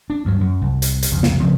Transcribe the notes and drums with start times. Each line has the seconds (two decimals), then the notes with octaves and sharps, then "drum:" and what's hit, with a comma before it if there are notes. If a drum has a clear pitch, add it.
0.10 D4
0.25 D2 G2 F#3
0.41 F#2
0.62 C2
0.82 drum: hi-hat
1.03 drum: hi-hat
1.12 C2 F2 C#3
1.23 drum: snare
1.40 C#3 F3 A3 C4